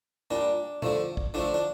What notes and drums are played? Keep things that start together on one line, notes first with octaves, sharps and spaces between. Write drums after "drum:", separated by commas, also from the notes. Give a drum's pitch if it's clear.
A#2 G3 D4
D3 F3 A3, drum: tom A#2
drum: kick
D3 F3 A3 D4
D4